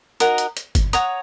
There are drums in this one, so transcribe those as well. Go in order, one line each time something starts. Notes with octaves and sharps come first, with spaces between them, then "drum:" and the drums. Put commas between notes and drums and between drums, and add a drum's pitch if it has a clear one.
D#4 F#4 A#4 D#5, drum: hi-hat
drum: hi-hat
drum: hi-hat
drum: kick G1, hi-hat
C#5 F#5 A#5 D#6, drum: hi-hat